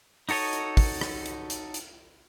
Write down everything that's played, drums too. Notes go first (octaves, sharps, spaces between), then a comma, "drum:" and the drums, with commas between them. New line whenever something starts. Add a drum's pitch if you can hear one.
D#4 F#4 A4 C#5 D#5, drum: open hi-hat
drum: hi-hat
drum: kick, open hi-hat
drum: rim click
drum: hi-hat
drum: hi-hat
drum: hi-hat